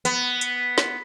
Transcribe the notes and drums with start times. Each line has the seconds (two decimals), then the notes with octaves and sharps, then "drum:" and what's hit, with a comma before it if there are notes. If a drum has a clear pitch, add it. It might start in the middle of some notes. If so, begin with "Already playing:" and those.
0.05 B3, drum: hi-hat
0.41 drum: hi-hat
0.78 drum: snare